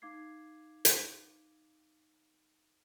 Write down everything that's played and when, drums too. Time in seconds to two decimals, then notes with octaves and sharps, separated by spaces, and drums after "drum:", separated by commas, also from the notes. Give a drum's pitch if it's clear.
0.02 D#4 F5 D6 G#6 C7
0.85 drum: hi-hat